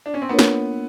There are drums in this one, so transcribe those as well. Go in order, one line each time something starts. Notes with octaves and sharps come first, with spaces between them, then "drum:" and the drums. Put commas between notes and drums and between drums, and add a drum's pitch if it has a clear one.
D4
C#4
C4
A#3 B3 D4 F4 A#4 C#5
drum: snare